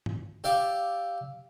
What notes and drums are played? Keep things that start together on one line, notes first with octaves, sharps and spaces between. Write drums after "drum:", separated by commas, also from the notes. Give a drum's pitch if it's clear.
drum: tom G2
G4 D5 E5 F5